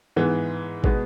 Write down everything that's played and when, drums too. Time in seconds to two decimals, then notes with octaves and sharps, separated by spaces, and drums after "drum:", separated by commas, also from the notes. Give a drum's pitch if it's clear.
0.16 G#2 E3 G#3 B3
0.84 B2 G#3 B3, drum: kick